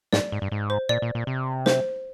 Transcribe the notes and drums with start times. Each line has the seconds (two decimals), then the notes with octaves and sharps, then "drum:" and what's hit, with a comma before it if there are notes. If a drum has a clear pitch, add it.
0.13 G#2 D5, drum: snare
0.32 G#2
0.42 G2
0.52 G#2
0.70 C5
0.89 A#2 D5
1.02 A#2
1.15 A#2
1.27 C3
1.66 C5, drum: snare